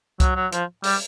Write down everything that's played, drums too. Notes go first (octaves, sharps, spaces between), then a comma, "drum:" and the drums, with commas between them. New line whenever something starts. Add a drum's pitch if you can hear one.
F#3, drum: kick C2, hi-hat
F#3
F3, drum: hi-hat
G3, drum: open hi-hat